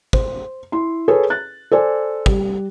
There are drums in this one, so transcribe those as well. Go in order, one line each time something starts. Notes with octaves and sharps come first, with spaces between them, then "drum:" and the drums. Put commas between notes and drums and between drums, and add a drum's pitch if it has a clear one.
C5, drum: kick
E4 C6
G#4 A4 B4 C#5
F#6 A6
A4 C5 D5 G#5
G3, drum: kick